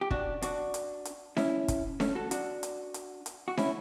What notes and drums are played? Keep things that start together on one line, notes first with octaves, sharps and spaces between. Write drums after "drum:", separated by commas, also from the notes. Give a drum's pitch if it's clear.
G4
D4 F#4, drum: kick
D4 F#4, drum: hi-hat
drum: hi-hat
drum: hi-hat
C#4 E4, drum: snare D4
drum: kick, hi-hat
A3 C#4, drum: snare D4
F#4 A4
D4 F#4, drum: hi-hat
drum: hi-hat
drum: hi-hat
drum: hi-hat
F#4
C#4 E4, drum: snare D4